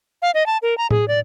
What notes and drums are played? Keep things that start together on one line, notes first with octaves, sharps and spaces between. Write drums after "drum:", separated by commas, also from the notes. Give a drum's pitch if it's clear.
F5
D#5
A5
A#4
A#5
G#4, drum: tom A2
D5